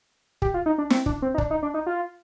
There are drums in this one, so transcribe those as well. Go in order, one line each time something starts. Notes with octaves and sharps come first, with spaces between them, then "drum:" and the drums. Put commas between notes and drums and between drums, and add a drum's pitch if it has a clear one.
G4, drum: kick
F4
D#4
D4
C4, drum: snare
D4, drum: kick
C4
D#4
D4, drum: kick
D#4
D4
D#4
F4